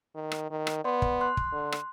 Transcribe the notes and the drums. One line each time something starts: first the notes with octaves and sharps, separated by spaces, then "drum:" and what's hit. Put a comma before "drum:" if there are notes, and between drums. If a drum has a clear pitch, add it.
D#3
drum: rim click
D#3
drum: rim click
B3 D5 C6
drum: kick
C6 F#6
drum: kick
D3
drum: rim click